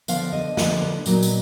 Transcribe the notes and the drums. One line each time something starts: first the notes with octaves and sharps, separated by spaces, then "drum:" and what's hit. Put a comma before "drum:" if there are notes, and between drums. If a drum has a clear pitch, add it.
D3 F3 B3 F5, drum: tambourine
D#5
D3 F3 B3 D4 B4, drum: snare
B4
A#2 F#3 B3 D#4, drum: tambourine
drum: tambourine